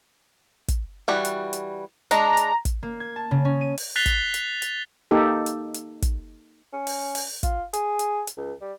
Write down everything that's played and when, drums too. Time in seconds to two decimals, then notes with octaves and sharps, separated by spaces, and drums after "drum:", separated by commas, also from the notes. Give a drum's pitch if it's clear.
0.68 drum: kick, hi-hat
1.08 E3 G3 F#4
1.25 drum: hi-hat
1.53 drum: hi-hat
2.11 G#3 D4 A5 A#5, drum: hi-hat
2.37 drum: hi-hat
2.65 drum: kick, hi-hat
2.83 A#3
3.00 G#6
3.16 A5
3.31 C#3
3.45 C#4
3.61 D#7
3.78 drum: open hi-hat
3.96 F#6 A6 B6 C7 F7 G7
4.06 drum: kick, hi-hat
4.34 drum: hi-hat
4.62 drum: hi-hat
5.11 A#3 D#4 G4 A4
5.46 drum: hi-hat
5.74 drum: hi-hat
6.02 drum: kick, hi-hat
6.73 C#4
6.87 drum: open hi-hat
7.15 drum: open hi-hat
7.43 F4, drum: kick, hi-hat
7.73 G#4, drum: hi-hat
7.99 drum: hi-hat
8.27 drum: hi-hat
8.37 C#2
8.61 G3